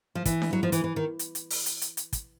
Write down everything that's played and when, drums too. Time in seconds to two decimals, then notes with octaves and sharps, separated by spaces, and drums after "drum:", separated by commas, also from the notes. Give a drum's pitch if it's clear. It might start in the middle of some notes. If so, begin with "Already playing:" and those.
0.15 F3
0.25 E3, drum: kick, hi-hat
0.42 drum: snare D4
0.53 F#3
0.63 F3
0.72 E3, drum: hi-hat
0.84 E3
0.96 D#3
1.19 drum: hi-hat
1.35 drum: hi-hat
1.50 drum: open hi-hat
1.66 drum: hi-hat
1.81 drum: hi-hat
1.97 drum: hi-hat
2.13 drum: kick, hi-hat